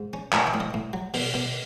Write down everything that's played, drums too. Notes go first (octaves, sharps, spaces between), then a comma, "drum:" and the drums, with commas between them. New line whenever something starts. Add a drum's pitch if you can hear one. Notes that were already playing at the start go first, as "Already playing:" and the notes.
Already playing: G#2
C#4
A2 C#5, drum: clap
E5
A2
D#5
A2
F#3
B2, drum: open hi-hat
B2